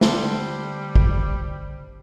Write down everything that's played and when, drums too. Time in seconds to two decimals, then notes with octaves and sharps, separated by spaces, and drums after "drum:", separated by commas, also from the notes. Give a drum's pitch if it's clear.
0.01 D3 G3 C4 D4, drum: snare
0.95 drum: kick